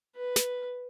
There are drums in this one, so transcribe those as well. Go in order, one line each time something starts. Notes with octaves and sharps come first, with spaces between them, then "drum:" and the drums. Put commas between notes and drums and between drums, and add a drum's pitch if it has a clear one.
B4
drum: snare